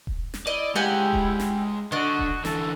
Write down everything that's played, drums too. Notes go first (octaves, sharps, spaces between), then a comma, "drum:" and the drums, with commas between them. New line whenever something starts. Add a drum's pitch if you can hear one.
drum: kick D#1
drum: snare
E4 D5 D#5
G#3 G4 F5 F#5 G#5
drum: kick D#1
drum: snare
D3 D4 F#4 D5 D#5
drum: kick D#1
D3 E3 A4, drum: snare